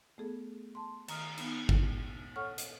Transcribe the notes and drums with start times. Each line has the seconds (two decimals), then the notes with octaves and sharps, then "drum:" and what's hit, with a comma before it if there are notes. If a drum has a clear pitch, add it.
0.18 A3 B3 G#4 A4
0.75 A5 C6
1.08 D#3 A#5 D#6 F6, drum: cymbal
1.38 B3 D#4, drum: cymbal
1.69 A#2, drum: kick
2.36 A4 C#5 F#5 C#6 F6
2.58 drum: hi-hat